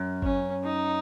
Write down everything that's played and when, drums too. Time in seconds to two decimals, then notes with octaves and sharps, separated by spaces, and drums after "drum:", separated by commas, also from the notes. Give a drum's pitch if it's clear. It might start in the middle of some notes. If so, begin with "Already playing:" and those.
Already playing: F#2
0.22 C#4, drum: kick G1
0.63 D#4